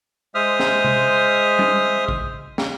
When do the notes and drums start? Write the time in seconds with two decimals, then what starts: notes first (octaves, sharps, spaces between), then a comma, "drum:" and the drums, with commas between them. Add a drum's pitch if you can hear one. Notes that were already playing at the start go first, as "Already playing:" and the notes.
0.35 G#3 C5 E5 D#6 F6
0.60 drum: snare
0.84 drum: tom C3
1.59 drum: tom G3
2.08 drum: kick
2.58 drum: snare